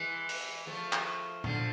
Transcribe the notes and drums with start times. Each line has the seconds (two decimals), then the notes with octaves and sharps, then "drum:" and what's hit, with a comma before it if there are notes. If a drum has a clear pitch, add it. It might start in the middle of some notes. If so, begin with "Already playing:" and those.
Already playing: E3 G#3
0.29 drum: open hi-hat
0.67 F3 A3
0.93 drum: clap
1.44 D3 F3, drum: tom A#2